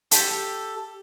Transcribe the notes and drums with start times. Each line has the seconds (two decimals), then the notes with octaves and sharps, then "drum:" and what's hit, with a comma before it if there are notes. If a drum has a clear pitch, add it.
0.11 G4 A4, drum: hi-hat